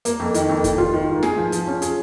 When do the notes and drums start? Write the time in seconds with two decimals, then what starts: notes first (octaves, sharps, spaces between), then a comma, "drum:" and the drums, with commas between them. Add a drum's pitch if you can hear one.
0.05 A#3, drum: hi-hat
0.20 F2
0.34 D#3, drum: hi-hat
0.49 F2
0.64 D#3, drum: kick F1, hi-hat
0.78 F4
0.94 D#3
1.08 G#2
1.23 G#4, drum: snare
1.37 F3
1.52 F3, drum: hi-hat
1.67 C#4
1.82 G#4, drum: hi-hat